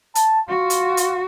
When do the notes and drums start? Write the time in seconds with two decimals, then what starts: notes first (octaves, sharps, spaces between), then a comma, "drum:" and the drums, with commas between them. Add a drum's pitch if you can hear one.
0.15 A5, drum: hi-hat
0.49 F4 F#4
0.70 drum: hi-hat
0.97 drum: hi-hat